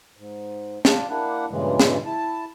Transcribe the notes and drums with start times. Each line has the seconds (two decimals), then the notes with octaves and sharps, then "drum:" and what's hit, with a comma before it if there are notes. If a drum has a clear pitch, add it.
0.17 G#2
0.85 D4 F4, drum: snare
1.09 A#3 D4 E4 F#5
1.51 G2 A#2 C#3 E3 G#3
1.80 drum: snare
2.05 E4 A5